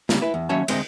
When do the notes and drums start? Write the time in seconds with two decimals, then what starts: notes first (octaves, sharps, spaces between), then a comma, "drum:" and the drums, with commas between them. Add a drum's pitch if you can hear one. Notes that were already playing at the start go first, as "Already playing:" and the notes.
0.09 C#3 G3 A#3 C4 D4, drum: snare
0.21 E4 B4
0.34 E2
0.49 D#2 F#3 C#4 C#5 E5 A5
0.68 D2 G#3 C4 C5 D#5, drum: cymbal